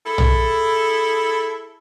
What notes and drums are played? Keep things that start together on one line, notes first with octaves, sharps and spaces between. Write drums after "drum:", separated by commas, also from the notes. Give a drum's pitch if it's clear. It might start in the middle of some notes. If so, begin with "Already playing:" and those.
E4 G#4 A4
drum: tom